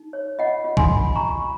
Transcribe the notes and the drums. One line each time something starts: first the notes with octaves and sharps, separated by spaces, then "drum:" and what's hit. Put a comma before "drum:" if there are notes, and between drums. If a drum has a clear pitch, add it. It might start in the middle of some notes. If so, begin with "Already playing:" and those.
Already playing: D#4
C#5
F4 D#5 F#5
F4
G#5 C6, drum: kick A#1
F4
F4 A#5 C#6
F4